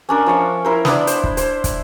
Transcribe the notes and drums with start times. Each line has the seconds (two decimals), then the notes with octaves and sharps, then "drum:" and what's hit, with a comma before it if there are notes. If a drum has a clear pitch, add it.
0.09 C#4 D4 A#4
0.26 F3 C#4 C#5 E5
0.65 E4 A#4 C5
0.85 B3 D4 E4 D5, drum: snare
1.07 C5, drum: hi-hat
1.24 drum: kick
1.37 C5, drum: hi-hat
1.64 drum: kick, hi-hat